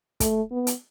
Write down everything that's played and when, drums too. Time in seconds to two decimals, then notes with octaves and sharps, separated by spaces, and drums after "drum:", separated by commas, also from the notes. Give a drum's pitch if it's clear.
0.20 A3, drum: kick, hi-hat
0.51 B3
0.67 drum: hi-hat